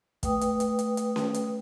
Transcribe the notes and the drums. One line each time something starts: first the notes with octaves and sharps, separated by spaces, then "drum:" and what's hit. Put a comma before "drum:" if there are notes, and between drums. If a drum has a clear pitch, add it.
A3 B4 G5 D#6, drum: kick, hi-hat
drum: hi-hat
drum: hi-hat
drum: hi-hat
drum: hi-hat
drum: snare C#4
drum: hi-hat